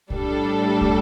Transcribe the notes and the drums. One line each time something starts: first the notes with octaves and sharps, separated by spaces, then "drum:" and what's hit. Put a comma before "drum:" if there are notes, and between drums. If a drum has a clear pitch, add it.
A2 G3 D4 A4, drum: kick
drum: kick